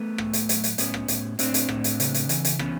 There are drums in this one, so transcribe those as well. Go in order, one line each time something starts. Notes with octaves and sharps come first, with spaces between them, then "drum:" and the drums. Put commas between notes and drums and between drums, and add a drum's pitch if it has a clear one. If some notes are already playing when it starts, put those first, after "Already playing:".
Already playing: A3 B3
A2, drum: rim click
drum: hi-hat
F#3, drum: hi-hat
drum: hi-hat
A2 B3 C#4, drum: hi-hat
drum: rim click
A2, drum: hi-hat
A2 C4 D4, drum: hi-hat
drum: hi-hat
A2, drum: rim click
drum: hi-hat
C#3, drum: hi-hat
drum: hi-hat
E3, drum: hi-hat
drum: hi-hat
E3 B3 C#4, drum: rim click